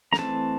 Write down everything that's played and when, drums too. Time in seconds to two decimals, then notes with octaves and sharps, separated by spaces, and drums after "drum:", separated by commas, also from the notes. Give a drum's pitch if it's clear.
0.13 A#5, drum: snare
0.18 E3 A3 C4 A5